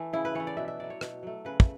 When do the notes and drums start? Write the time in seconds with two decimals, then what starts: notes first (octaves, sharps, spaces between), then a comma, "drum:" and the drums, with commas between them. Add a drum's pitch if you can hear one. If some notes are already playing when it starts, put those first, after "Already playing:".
Already playing: E3 A3
0.13 C#3 E4
0.25 B4
0.35 E3 A3 C#5
0.47 D5
0.57 B2 E5
0.68 E5
0.80 F#3 A3 D5
0.90 C#5
1.01 B2, drum: rim click
1.23 F#3 A3
1.45 C#3 B4
1.60 drum: kick